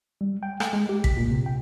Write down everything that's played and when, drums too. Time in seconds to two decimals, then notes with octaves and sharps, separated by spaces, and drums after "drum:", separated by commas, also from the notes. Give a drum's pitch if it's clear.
0.21 G3
0.43 G5
0.60 A3, drum: rim click
0.73 G#3
0.89 G4
1.04 B6, drum: kick
1.17 A#2
1.31 C3
1.46 G5